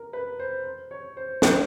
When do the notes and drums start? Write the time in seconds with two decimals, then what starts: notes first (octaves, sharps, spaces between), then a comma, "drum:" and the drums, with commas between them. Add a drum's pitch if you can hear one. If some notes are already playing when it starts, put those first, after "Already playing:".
Already playing: A#4
0.13 B4
0.39 C5
0.65 C5
0.91 C#5
1.17 C5
1.42 C5, drum: snare